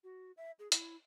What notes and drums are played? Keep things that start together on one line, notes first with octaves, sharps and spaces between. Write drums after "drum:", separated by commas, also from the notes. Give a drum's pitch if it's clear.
F#4
E5
G#4
E4, drum: hi-hat